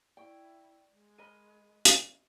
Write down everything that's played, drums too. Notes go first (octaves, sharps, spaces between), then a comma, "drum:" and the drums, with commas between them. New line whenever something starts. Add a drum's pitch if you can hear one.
E4 D5 G5 C#6
G#3
A#4 D#5 B5 D#7
drum: hi-hat